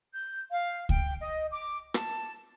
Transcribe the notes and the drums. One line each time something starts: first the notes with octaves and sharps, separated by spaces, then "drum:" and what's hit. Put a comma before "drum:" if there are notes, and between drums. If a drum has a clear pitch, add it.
G6
F5
G5, drum: kick C#2
D#5
D6
A5, drum: rim click